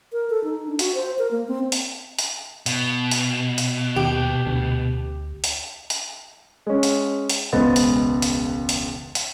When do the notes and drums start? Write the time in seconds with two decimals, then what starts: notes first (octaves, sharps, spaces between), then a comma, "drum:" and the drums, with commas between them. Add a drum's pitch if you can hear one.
0.13 A#4
0.30 A4
0.44 D#4
0.67 D4
0.79 F#4, drum: hi-hat
0.95 C5
1.19 A#4
1.31 A#3
1.48 C4
1.72 drum: hi-hat
2.19 drum: hi-hat
2.66 B2, drum: hi-hat
3.11 drum: hi-hat
3.58 drum: hi-hat
3.96 D#2 G4
4.47 D2
5.44 drum: hi-hat
5.90 drum: hi-hat
6.67 G#3 C#4
6.83 drum: hi-hat
7.30 drum: hi-hat
7.53 E1 C#2 B3 C5 D#5 A6
7.76 drum: hi-hat
8.22 drum: hi-hat
8.69 drum: hi-hat
9.15 drum: hi-hat